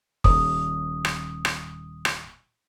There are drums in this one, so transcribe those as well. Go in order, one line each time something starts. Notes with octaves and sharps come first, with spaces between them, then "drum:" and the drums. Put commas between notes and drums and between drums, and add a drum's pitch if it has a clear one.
D#1 D#6, drum: kick
drum: rim click
drum: rim click
drum: rim click